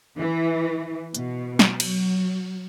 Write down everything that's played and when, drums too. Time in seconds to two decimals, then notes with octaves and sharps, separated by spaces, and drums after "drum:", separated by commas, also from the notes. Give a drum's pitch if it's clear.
0.18 E3
1.15 B2, drum: hi-hat
1.59 drum: snare
1.80 F#3, drum: cymbal